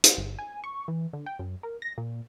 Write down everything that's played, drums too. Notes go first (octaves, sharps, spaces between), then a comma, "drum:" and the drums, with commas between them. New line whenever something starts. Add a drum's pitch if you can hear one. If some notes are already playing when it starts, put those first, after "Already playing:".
drum: hi-hat
G1
G#5
C#6
E3
D3
G5
F#2
A#4
A#6
A#2